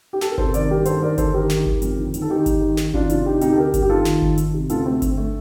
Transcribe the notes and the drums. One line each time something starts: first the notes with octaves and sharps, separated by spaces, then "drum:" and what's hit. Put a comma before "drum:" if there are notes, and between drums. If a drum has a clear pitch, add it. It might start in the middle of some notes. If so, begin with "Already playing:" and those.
G4
A4, drum: snare
A#4
C3 A4 C5, drum: kick G1
D#3 A#4 D5, drum: hi-hat
G2 G4 A#4
D#3 A4 C5, drum: hi-hat
D#2 A#4 D5
D3 A4 C5, drum: kick G1, hi-hat
D#3 G4 A#4
D#3, drum: snare
D#3, drum: kick G1
F2, drum: hi-hat
D3
D#2, drum: hi-hat
A4
D#3 D#4 G4
D#3, drum: kick G1, hi-hat
D#3
D#3, drum: snare
D#3 D4 F4, drum: kick G1
C3 D4 F4, drum: hi-hat
C3 D#4 G4
D2 D#4 G4, drum: hi-hat
A4
D3 G4 A#4
G2, drum: kick G1, hi-hat
G4
D#2 F4 A4
D#3, drum: snare
D#2, drum: kick G1
D#3, drum: hi-hat
C3
D2 F4 A4, drum: hi-hat
D3 A3 C4
D3, drum: kick G1, hi-hat
A3